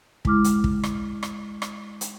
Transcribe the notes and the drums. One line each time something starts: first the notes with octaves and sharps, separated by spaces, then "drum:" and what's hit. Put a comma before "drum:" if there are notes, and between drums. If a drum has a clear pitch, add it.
G#3 E4 D6 F6, drum: kick
drum: hi-hat
drum: kick
drum: rim click
drum: rim click
drum: rim click
drum: hi-hat